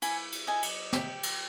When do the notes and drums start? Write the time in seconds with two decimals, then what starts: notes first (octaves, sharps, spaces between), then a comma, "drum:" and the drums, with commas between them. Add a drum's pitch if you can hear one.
0.02 E4 G#5, drum: cymbal
0.32 drum: cymbal
0.47 D#5 G#5
0.63 drum: cymbal
0.93 G4 E5, drum: snare
1.23 drum: cymbal